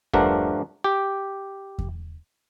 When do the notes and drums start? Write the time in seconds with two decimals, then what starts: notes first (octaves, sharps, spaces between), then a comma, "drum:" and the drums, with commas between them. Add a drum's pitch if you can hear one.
0.14 G2 F3 A3 D4 A#4 F#5, drum: kick E2
0.84 G4
1.78 drum: kick E2